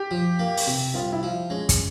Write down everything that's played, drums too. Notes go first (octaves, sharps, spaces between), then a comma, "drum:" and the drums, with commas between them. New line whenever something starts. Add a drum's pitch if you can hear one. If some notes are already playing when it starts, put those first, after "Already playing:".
Already playing: G4
F3
A#3
drum: open hi-hat
C3
C2 F4
E4
F3
G#3 C#4
drum: kick, hi-hat